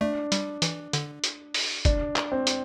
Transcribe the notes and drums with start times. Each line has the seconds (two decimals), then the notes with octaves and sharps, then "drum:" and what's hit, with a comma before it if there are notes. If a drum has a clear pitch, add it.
0.01 A3 D4
0.32 G3, drum: hi-hat
0.62 E3, drum: hi-hat
0.93 D3, drum: hi-hat
1.24 drum: hi-hat
1.54 drum: open hi-hat
1.85 D4, drum: kick, hi-hat
2.16 drum: clap
2.32 C4
2.47 drum: hi-hat